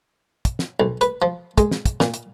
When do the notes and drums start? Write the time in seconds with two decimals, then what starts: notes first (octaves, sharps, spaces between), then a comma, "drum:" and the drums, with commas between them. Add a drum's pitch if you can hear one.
0.45 drum: kick, hi-hat
0.59 drum: snare
0.80 B1
1.01 B4, drum: hi-hat
1.22 F3
1.58 G#3, drum: kick, hi-hat
1.71 drum: snare
1.86 drum: kick, hi-hat
2.00 A#2, drum: snare
2.14 drum: hi-hat